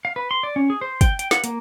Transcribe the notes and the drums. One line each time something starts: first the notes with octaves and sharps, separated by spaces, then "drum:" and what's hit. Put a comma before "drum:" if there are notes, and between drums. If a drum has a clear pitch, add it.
F5
B4
C6
D5
C#4
G#4
C5
G5, drum: kick, hi-hat
G5, drum: hi-hat
F#5, drum: snare
A#3, drum: hi-hat